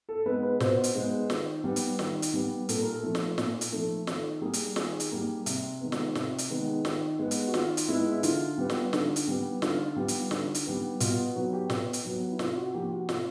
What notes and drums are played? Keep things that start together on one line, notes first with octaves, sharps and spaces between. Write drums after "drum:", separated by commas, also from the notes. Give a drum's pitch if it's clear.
A4
G#3 B3 B4
B4
B2 C5, drum: snare
drum: hi-hat
G#3 B3
D#3, drum: snare
G3 B3
drum: hi-hat
D#3, drum: snare
drum: hi-hat
G3 B3
A#2 A4, drum: hi-hat
A#4
A4
F3 A3
drum: snare
A#2, drum: snare
drum: hi-hat
F3 A3
D#3 A4, drum: snare
G3 A#3 G#4
drum: hi-hat
D#3 G#4, drum: snare
drum: hi-hat
G3 A#3
C3, drum: hi-hat
D#3 G#3 B3
drum: snare
C3, drum: snare
drum: hi-hat
D#3 G#3 B3
D#3, drum: snare
G#3 B3
drum: hi-hat
F#4
D#3 F4, drum: snare
drum: hi-hat
G#3 B3 E4
E4
D3 F4, drum: hi-hat
G3 B3
drum: snare
D3, drum: snare
drum: hi-hat
G3 B3
D3 F4, drum: snare
G3 B3
drum: hi-hat
D3, drum: snare
drum: hi-hat
G3 B3
B2 F4, drum: hi-hat
F#4
F#3 B3 F#4
G4
B2, drum: snare
drum: hi-hat
F#3 B3
E4
C3 F4, drum: snare
F#4
F3 A#3 G4
F#4
C3 F4, drum: snare